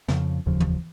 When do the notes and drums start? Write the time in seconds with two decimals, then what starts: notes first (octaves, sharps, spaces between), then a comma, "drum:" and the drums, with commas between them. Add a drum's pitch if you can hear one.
0.08 F2 C#3 F3, drum: snare
0.46 F1 D#2 C#3 F3
0.60 drum: tom E3